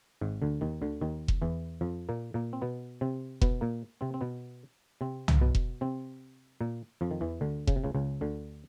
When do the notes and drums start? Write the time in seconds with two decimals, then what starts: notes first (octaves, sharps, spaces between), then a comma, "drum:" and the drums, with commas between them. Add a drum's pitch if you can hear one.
0.21 G#1 G#2
0.42 D2 D3
0.61 D#2 D#3
0.82 D2 D3
1.01 D#2 D#3
1.28 drum: kick F1
1.42 E2 E3
1.81 F2 F3
2.09 A#2 A#3
2.34 A#2 A#3
2.53 C4
2.62 B2 B3
3.01 C3 C4
3.41 B2 B3, drum: kick F1
3.61 A#2 A#3
4.01 C3 C4
4.14 C4
4.21 B2 B3
5.01 C3 C4
5.28 drum: tom
5.41 B2 B3
5.55 drum: kick F1
5.81 C3 C4
6.61 A#2 A#3
7.01 F2 F3
7.11 D#3
7.21 E2 E3
7.41 D2 D3
7.67 C#3, drum: kick F1
7.76 C3
7.84 C#2 C#3
7.95 C#2 C#3
8.21 D2 D3